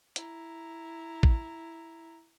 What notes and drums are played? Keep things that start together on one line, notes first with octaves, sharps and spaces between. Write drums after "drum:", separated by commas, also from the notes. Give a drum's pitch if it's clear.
E4 A#5, drum: hi-hat
drum: kick A1